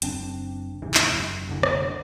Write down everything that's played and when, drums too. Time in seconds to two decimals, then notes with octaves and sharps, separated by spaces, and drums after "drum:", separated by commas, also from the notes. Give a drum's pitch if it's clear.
0.02 F#1 C4 D4, drum: hi-hat
0.82 D#2 G#2 C3 E3
0.94 drum: clap
1.12 F#1
1.47 F#1 C2 D3
1.63 drum: rim click